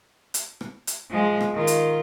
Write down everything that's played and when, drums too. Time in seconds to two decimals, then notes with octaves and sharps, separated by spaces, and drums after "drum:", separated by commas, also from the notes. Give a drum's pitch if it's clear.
0.34 drum: hi-hat
0.61 drum: rim click
0.87 drum: hi-hat
1.10 F3 G#3
1.41 drum: rim click
1.54 D#3 F4
1.67 drum: hi-hat